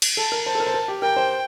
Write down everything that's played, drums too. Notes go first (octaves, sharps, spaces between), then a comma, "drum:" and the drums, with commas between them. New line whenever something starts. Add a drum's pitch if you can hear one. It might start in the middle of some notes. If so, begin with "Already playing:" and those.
drum: cymbal
A4 A5
A#4
C5 A5
A4
A#4
C5
A#4
G4
A#4 G5
C5